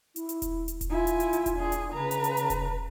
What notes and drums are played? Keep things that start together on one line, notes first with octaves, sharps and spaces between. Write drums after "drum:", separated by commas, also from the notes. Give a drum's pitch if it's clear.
E4, drum: hi-hat
drum: hi-hat
drum: kick E1, hi-hat
drum: hi-hat
drum: kick E1, hi-hat
E4 F4 G#5
drum: hi-hat
drum: hi-hat
drum: hi-hat
drum: kick E1, hi-hat
D4 G#4
drum: hi-hat
C#3 B4 A#5
drum: hi-hat
drum: hi-hat
drum: hi-hat
drum: kick E1, hi-hat